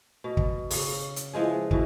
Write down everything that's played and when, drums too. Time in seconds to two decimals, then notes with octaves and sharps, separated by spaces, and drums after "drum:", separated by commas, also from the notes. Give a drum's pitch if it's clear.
0.24 B2
0.37 drum: kick
0.70 C#3, drum: open hi-hat
1.16 drum: hi-hat
1.33 E3 F3 G#3 G#4
1.71 B2 E3, drum: kick